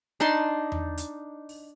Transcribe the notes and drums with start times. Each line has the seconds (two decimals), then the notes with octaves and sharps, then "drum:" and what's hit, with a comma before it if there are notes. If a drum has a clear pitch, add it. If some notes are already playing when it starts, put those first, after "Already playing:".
0.20 D4 D#4 A5 C6
0.72 drum: tom E2
0.98 drum: hi-hat
1.49 drum: open hi-hat